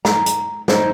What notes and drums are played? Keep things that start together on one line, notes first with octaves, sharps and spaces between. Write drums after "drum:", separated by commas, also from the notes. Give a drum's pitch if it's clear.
A#5, drum: snare
drum: hi-hat
C4 D#4, drum: snare